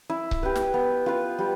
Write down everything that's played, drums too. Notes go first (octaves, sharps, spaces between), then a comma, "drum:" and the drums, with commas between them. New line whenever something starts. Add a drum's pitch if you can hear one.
E4
drum: kick C#1
G4 B4
drum: snare
B3
F4 B4
G3